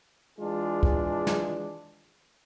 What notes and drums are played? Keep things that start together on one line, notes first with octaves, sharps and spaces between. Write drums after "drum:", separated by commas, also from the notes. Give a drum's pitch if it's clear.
E3 G#3 D4 F4 G#4
drum: kick
drum: snare